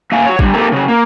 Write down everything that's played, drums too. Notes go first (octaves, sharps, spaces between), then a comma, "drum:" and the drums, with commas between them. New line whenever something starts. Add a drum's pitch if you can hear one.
A#3 E5 F5 G#5
F#4 C#5
D3 G3, drum: kick
A#3 C4 D#4 G4 A4
C#3 F#3
A#3